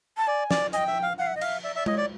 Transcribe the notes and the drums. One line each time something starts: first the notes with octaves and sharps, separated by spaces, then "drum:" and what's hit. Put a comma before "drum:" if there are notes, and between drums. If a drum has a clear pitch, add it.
A5
D5 G#5
D5, drum: snare
D#5 G5 G#5, drum: hi-hat
E5
F5
F5 F#5
E5
D#5
E5 F5, drum: cymbal
D5 E5
D5 E5
C#5 D#5, drum: tom G#3
D5